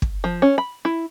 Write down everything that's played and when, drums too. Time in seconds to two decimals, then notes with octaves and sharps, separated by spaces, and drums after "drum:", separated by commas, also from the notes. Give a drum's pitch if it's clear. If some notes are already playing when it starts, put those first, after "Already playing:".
0.02 drum: kick
0.24 F3
0.42 C#4
0.58 B5
0.85 E4